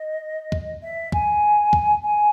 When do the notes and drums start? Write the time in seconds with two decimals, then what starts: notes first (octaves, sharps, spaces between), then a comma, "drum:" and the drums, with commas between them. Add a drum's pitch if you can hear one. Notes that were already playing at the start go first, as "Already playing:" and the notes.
Already playing: D#5
0.52 drum: kick
0.82 E5
1.12 G#5, drum: kick
1.73 drum: kick
2.03 G#5